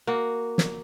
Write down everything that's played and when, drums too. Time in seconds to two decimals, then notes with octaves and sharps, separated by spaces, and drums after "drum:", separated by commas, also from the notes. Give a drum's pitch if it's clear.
0.07 A#3 F#4
0.58 drum: snare